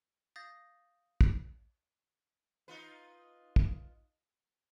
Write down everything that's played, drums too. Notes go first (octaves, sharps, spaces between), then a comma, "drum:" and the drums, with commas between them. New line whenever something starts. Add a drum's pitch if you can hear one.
F5 D#6 G6 A6 A#6
drum: kick
D#4 F4 B4
drum: kick